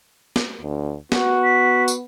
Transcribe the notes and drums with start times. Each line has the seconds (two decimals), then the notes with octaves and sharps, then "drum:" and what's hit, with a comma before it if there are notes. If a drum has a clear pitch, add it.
0.36 drum: snare
0.62 D2
1.12 B3 F#4, drum: snare
1.43 B6
1.88 drum: tambourine